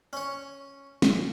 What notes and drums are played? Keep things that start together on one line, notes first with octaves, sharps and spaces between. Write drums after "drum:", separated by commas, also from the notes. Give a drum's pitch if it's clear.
C#4 C#5
drum: snare